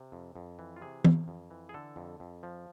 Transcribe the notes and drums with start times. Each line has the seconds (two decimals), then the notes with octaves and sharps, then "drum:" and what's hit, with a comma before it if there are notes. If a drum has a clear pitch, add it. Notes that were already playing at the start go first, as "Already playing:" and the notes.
Already playing: C3
0.12 F2
0.36 F2
0.59 E3
0.76 F4
0.82 C3 G#4
1.04 F2, drum: tom E3
1.28 F2
1.51 E3
1.69 G#4
1.74 D3 A4
1.96 F2
2.20 F2
2.43 F3